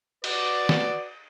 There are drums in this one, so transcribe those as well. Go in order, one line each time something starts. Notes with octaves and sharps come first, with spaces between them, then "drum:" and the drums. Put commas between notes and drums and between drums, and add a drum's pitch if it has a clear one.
F#4 B4 D5, drum: cymbal
drum: snare